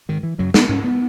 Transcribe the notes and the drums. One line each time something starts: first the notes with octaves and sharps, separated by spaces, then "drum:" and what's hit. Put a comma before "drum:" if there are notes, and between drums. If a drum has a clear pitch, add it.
G#2 D#3
E3
F#2 C#3 F#3
B3, drum: snare
G#2 C#4
B3